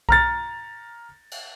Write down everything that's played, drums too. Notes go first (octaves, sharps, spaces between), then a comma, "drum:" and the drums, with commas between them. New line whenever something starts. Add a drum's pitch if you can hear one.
A#5 F6 A6, drum: kick B1
drum: cymbal